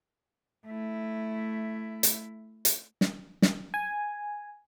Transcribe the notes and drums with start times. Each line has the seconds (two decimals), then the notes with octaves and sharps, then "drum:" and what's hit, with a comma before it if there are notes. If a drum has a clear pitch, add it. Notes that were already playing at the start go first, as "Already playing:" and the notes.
0.66 A3 E4
2.03 drum: hi-hat
2.65 drum: hi-hat
3.01 drum: snare
3.42 drum: snare
3.74 G#5